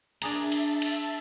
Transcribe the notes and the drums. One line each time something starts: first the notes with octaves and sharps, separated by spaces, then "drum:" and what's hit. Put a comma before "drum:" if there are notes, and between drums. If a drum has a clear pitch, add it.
D4 G#4 E5 A5 A#5, drum: cymbal
drum: cymbal
drum: cymbal